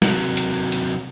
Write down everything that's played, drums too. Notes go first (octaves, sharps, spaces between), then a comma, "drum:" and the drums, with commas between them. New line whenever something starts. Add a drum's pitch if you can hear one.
C3 F#3, drum: snare
drum: hi-hat
drum: hi-hat